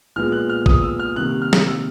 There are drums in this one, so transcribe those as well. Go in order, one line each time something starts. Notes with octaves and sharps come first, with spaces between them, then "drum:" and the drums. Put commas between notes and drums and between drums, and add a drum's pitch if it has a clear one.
A#2 F3 G#3 B3 F6
F#6
F6
D#6, drum: kick A1
E6
F6
C3 D#3 G3 A#3 F#6
F6
drum: snare
E6